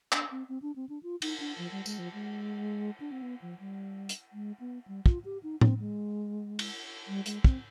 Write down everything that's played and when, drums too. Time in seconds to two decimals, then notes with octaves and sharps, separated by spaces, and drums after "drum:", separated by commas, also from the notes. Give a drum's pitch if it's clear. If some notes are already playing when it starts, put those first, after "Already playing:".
0.12 D4, drum: clap
0.30 C4
0.49 C4
0.62 D4
0.76 C4
0.89 D4
1.03 F4
1.22 D#4, drum: cymbal
1.40 D4
1.58 F3
1.71 G3
1.86 G#3, drum: tambourine
1.99 F3
2.14 G#3
3.00 D4
3.12 C4
3.22 B3
3.42 F3
3.59 G3
4.09 drum: hi-hat
4.33 G#3
4.60 B3
4.88 G3
5.06 F4, drum: kick
5.25 G4
5.43 D#4
5.61 C4, drum: tom A2
5.79 G#3
6.59 drum: cymbal
7.08 G3
7.26 G#3, drum: hi-hat
7.44 C4, drum: kick